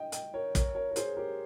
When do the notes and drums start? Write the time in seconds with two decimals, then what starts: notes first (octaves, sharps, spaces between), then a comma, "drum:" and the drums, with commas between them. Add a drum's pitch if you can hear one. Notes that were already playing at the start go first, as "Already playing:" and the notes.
Already playing: D#5 G5
0.12 D#5 G5, drum: hi-hat
0.34 A#4 C#5
0.55 A#4 C#5, drum: kick, hi-hat
0.75 A#4 C#5
0.91 A#4
0.96 G#4 C5, drum: hi-hat
1.17 G4 A#4